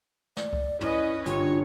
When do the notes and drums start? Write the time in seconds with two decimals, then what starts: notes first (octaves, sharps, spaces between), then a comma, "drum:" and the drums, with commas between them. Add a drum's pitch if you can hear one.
0.37 D5, drum: snare
0.53 drum: kick C#2
0.81 C#4 E4 B4 D#5, drum: tom
1.26 G1 F4 C#5, drum: hi-hat